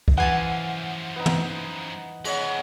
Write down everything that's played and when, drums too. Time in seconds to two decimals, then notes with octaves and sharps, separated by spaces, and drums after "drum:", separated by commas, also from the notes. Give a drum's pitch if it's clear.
0.08 drum: kick
0.18 F#2 E3 F3 F#5 G#5 A5
1.16 B3 D#4
1.26 drum: tom
2.25 G#3 B3 C#5 D5 F#5, drum: cymbal